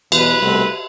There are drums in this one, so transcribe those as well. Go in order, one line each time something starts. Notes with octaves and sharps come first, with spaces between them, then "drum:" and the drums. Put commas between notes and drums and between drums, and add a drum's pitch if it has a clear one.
E2 B2 F#3 B4, drum: cymbal
C2 B2 A3 C4